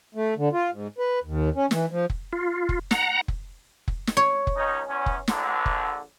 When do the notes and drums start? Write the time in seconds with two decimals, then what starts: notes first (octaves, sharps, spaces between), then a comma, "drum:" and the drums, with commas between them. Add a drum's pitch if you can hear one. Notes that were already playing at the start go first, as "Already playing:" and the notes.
0.15 A3
0.37 D3
0.52 F4
0.71 G#2
0.98 B4
1.24 D#2
1.55 C#4
1.71 E3, drum: snare
1.91 F3
2.10 drum: kick F1
2.33 F4
2.69 drum: kick F1
2.91 F#5 A#5, drum: snare
3.28 drum: kick F1
3.88 drum: kick F1
4.07 drum: snare
4.17 C#5
4.47 drum: kick F1
4.56 C#2 C#4 D#4
4.88 E2 C#4
5.06 drum: kick F1
5.28 A#1 D3, drum: snare
5.66 drum: kick F1